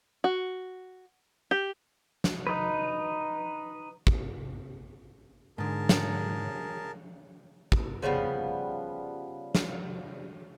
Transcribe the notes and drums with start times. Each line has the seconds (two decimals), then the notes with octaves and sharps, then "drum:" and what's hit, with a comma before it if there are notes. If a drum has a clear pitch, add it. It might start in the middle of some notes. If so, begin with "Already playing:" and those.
0.24 F#4
1.51 G4
2.24 drum: snare
2.47 D#4 B4
4.07 drum: kick
5.58 G#2 D3 G#4 A#4 A5
5.89 drum: snare
7.72 drum: kick
8.02 C#3 F3 G3 B3
9.55 drum: snare